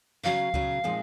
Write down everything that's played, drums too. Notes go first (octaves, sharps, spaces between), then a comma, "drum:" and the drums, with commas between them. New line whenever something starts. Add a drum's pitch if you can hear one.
C#3 F#3 C#4 G#4 F5
C#3 F#3 C#4 G#4, drum: kick C#2
A#2 F3 G#3 C4 D#4